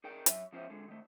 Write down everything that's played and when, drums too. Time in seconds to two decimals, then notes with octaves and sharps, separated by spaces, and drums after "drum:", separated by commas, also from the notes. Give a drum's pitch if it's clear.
0.04 D#4 G#4 A#4 D5 G5
0.26 F#3 E5, drum: hi-hat
0.53 F3 C#4 F4 C5 E5
0.70 D3 G#3
0.88 D#3 A3